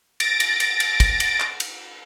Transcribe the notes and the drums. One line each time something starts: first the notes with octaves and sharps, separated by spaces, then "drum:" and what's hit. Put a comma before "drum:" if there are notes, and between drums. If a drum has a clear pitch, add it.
A6 A#6 D7, drum: cymbal
drum: cymbal
drum: cymbal
drum: cymbal
drum: kick, cymbal
drum: cymbal
drum: clap
drum: cymbal